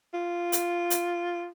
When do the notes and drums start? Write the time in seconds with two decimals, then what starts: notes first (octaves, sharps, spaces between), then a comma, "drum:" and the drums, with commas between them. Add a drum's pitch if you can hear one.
0.14 F4
0.52 drum: hi-hat
0.90 drum: hi-hat